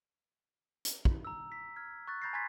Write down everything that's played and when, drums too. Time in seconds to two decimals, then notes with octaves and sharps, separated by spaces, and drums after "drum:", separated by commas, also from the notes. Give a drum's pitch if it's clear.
0.85 drum: hi-hat
1.05 drum: kick
1.25 A#5 E6
1.52 B6
1.76 F6 G#6
2.08 C#6 F#6 A6
2.22 A#5 B5 G6 A6 A#6 C7
2.33 G#5 A#5 C6 G#6 A6 B6